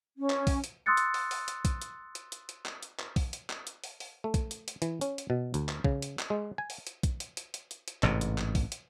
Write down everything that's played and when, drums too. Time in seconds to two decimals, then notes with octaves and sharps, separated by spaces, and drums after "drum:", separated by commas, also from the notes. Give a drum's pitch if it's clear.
0.17 C#4
0.30 drum: clap
0.47 drum: kick, open hi-hat
0.64 drum: hi-hat
0.86 C6 D#6 E6 F#6 A6 C#7
0.97 drum: hi-hat
1.14 drum: open hi-hat
1.31 drum: open hi-hat
1.48 drum: hi-hat
1.65 drum: kick, hi-hat
1.82 drum: hi-hat
2.15 drum: hi-hat
2.32 drum: hi-hat
2.49 drum: hi-hat
2.66 drum: clap
2.83 drum: hi-hat
2.99 drum: clap
3.16 drum: kick, open hi-hat
3.33 drum: hi-hat
3.50 drum: clap
3.67 drum: hi-hat
3.84 drum: open hi-hat
4.00 drum: open hi-hat
4.24 A3
4.34 drum: kick, hi-hat
4.51 drum: hi-hat
4.68 drum: hi-hat
4.82 E3, drum: hi-hat
5.01 C#4, drum: hi-hat
5.18 drum: hi-hat
5.30 B2
5.54 D2, drum: hi-hat
5.69 drum: clap
5.84 C#3, drum: kick
6.02 drum: hi-hat
6.19 drum: clap
6.30 G#3
6.58 G#5
6.70 drum: open hi-hat
6.87 drum: hi-hat
7.03 drum: kick, hi-hat
7.20 drum: hi-hat
7.37 drum: hi-hat
7.54 drum: hi-hat
7.71 drum: hi-hat
7.88 drum: hi-hat
8.03 A1 G#2 C3, drum: clap
8.21 drum: hi-hat
8.38 drum: clap
8.55 drum: kick, open hi-hat
8.72 drum: hi-hat